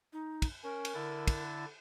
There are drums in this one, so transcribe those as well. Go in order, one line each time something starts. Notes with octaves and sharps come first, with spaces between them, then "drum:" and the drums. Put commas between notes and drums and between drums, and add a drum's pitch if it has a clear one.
D#4
drum: kick, cymbal
C#4 A#4
drum: cymbal
D3 E4 A6
drum: kick, cymbal